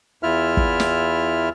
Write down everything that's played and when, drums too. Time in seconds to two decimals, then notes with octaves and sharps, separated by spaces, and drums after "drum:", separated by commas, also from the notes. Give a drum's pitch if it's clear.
0.23 E2 E4 F4 E5 F6
0.57 drum: kick
0.80 drum: snare